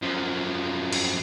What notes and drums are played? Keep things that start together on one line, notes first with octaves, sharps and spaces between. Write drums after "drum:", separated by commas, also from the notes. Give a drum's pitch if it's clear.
F#2 F3
drum: cymbal